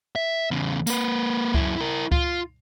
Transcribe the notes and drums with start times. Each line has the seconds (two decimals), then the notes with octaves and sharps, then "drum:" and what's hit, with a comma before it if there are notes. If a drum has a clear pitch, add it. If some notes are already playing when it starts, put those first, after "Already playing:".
0.16 E5
0.51 E2 C#3
0.87 A#3 B4, drum: tambourine
1.54 F#2 E4, drum: kick C#2
1.76 E4 A#4
2.12 F4, drum: kick C#2